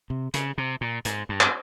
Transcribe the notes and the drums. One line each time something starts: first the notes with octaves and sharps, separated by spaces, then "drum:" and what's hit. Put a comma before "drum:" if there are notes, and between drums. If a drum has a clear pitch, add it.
C3
C#3, drum: hi-hat
C3
A#2
G#2, drum: hi-hat
G2
drum: clap